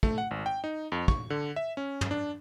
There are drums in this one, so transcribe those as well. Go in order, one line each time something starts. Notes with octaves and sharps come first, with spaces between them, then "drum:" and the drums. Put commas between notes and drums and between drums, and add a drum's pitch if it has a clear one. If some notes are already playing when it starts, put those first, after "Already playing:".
A3, drum: kick
F#5
G#1
G5
D#4
F2
C#6, drum: kick
D3
E5
C#4
drum: tom
D4